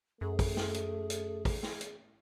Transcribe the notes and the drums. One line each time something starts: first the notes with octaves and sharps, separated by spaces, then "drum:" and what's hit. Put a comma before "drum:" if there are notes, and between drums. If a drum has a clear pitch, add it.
F#2 A3 G#4
drum: kick, open hi-hat
drum: snare
drum: hi-hat
drum: hi-hat
drum: kick, open hi-hat
drum: snare
drum: hi-hat